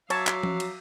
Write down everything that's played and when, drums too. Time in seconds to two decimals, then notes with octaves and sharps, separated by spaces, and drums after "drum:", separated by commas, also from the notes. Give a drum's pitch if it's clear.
0.10 F#3 F#4 C#5 E5 F5 A5 D6, drum: cymbal
0.27 drum: clap
0.43 drum: tom F3
0.60 drum: cymbal